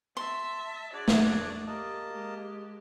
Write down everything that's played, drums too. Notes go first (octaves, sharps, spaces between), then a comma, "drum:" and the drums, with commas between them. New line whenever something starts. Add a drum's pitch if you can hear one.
E5 A5 C6
D4 F#4 G#4 C#5 D5
drum: snare A3
A#3 G4 D#5 A5
G#3 G4